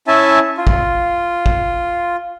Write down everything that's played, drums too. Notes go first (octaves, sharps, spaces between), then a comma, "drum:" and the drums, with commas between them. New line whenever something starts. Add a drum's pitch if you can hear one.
C#4 E4 E5 G#5 A5
F4
drum: kick
drum: kick